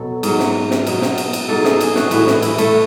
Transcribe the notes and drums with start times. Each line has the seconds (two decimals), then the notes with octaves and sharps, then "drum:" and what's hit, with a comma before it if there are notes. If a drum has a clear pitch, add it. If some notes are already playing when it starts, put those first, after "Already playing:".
Already playing: B2 F#3 A4
0.23 G#2 F#3, drum: cymbal
0.39 drum: snare
0.71 drum: snare
0.87 B2 F#3, drum: cymbal
1.02 drum: snare
1.18 drum: cymbal
1.33 drum: cymbal
1.48 G#2 F#3 A4
1.65 G#4, drum: snare
1.81 G#4, drum: cymbal
1.95 F#4, drum: snare
2.11 A2 E3 F#4, drum: cymbal
2.27 E4, drum: snare
2.42 E4, drum: cymbal
2.58 A3, drum: cymbal